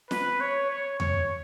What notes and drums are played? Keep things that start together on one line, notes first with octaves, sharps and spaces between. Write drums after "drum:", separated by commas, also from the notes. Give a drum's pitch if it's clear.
B4, drum: snare
C#5
C#5
C#5, drum: tom E2